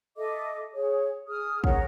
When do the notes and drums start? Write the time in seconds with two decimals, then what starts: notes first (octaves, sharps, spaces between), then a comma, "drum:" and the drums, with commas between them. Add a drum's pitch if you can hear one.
0.16 A4 D#5 E5 D6
0.73 G#4 C#5
1.27 G#4 D#6 F6
1.64 G#4 A#4 C#5 F#5, drum: kick